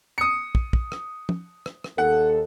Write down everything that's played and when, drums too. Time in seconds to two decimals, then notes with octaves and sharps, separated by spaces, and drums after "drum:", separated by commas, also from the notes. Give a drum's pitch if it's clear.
0.18 D#6 C#7
0.55 drum: kick
0.73 drum: kick
0.92 drum: rim click
1.29 drum: tom
1.66 drum: rim click
1.84 drum: rim click
1.98 D#2 A4 F#5